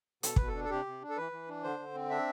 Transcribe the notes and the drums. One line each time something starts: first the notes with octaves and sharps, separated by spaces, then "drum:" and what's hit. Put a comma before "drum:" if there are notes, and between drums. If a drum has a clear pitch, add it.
B2 A4, drum: hi-hat
B2 B4, drum: kick
A4
D4
A4
C3 G4
C3
D4
A4
E3 B4
E3
D4
D3 C5
D3
C4
D4 E5